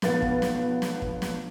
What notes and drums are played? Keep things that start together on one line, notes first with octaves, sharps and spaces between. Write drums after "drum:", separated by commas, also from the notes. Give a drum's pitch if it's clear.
B1 F3 B3 B4 F5 A6, drum: snare
drum: kick
drum: snare
drum: snare
drum: kick
drum: snare